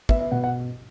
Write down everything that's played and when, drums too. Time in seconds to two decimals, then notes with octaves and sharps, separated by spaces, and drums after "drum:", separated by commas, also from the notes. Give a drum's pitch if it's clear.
0.09 B3 E5, drum: kick
0.20 E5
0.32 B2 F#5
0.44 F#5